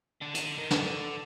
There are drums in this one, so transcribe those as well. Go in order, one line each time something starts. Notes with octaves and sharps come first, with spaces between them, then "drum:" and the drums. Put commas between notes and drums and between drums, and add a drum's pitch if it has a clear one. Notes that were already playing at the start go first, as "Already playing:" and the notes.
D3
D#3, drum: hi-hat
D3
D#3
D3, drum: snare